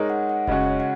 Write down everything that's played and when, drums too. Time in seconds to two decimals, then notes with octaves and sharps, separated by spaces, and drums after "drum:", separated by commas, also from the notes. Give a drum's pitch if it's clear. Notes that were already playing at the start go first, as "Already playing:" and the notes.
Already playing: G#3 D#4 A#4 C#5
0.10 F#5
0.30 F#5
0.47 C#3 G#3 C#4 F#4 D#5, drum: kick F1
0.67 C#5
0.80 F#5